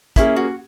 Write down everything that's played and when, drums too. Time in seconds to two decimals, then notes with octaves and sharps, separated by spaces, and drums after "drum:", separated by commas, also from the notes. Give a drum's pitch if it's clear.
0.16 A#3 C#4 E4 G#4, drum: kick, hi-hat
0.36 F#4